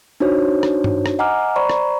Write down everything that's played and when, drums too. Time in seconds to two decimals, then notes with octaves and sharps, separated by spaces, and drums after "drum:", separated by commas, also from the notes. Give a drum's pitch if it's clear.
0.20 D4 D#4 F#4 C5 C#5
0.63 drum: rim click
0.84 drum: tom G2
1.06 drum: rim click
1.19 D#5 F#5 G#5 A#5 D6 F6
1.56 C5 D5 A#5 B5 C#6
1.70 drum: rim click